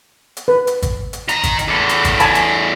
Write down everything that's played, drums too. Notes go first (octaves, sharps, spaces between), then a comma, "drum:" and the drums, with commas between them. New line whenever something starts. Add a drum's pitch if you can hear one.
drum: hi-hat
B4
drum: hi-hat
drum: kick, hi-hat
drum: hi-hat
D#3 A#5, drum: hi-hat
drum: kick, hi-hat
drum: hi-hat
E2 A2
drum: hi-hat
drum: kick, hi-hat
G#5 A5 B5, drum: hi-hat
drum: hi-hat